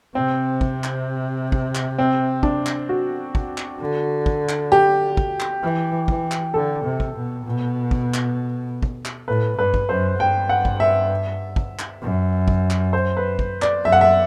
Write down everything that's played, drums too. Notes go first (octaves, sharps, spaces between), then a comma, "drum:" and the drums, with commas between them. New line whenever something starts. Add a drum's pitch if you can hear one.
C3 C4
drum: kick
drum: clap
drum: kick
drum: clap
C4
D4, drum: kick
drum: clap
F#4
drum: kick
drum: clap
D3
drum: kick
drum: clap
G4
drum: kick
drum: clap
E3
E3, drum: kick
drum: clap
D3 A4
C3
drum: kick
B2
B2
drum: kick
drum: clap
drum: kick
drum: clap
A2 B4
G2 B4
drum: kick
F#2 C5
G2 G5
F#5
drum: kick
E5
drum: kick
drum: clap
F#2
drum: kick
drum: clap
C5
B4
drum: kick
D5, drum: clap
F#2 E5
F#5
E5